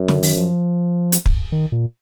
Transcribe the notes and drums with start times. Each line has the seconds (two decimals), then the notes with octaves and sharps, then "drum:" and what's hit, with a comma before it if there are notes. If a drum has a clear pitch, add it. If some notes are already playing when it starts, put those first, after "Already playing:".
Already playing: F#2
0.08 D3, drum: snare
0.23 D#3, drum: open hi-hat
0.37 F3
1.12 drum: hi-hat
1.26 drum: kick
1.52 D#3
1.72 A#2